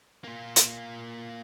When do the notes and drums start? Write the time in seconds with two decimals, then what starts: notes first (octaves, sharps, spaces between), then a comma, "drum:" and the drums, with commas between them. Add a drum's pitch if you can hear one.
0.24 A#3 F4
0.56 drum: hi-hat